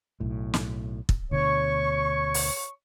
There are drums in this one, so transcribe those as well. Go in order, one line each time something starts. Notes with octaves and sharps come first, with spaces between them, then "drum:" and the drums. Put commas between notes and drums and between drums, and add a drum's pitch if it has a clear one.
B1 A2
drum: snare
drum: kick
D2 B2 D3 C#5 C#6
drum: open hi-hat